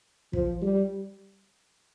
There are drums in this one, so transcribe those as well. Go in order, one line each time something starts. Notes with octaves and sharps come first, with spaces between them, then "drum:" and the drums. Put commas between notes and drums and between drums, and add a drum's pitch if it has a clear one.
F3, drum: kick
G3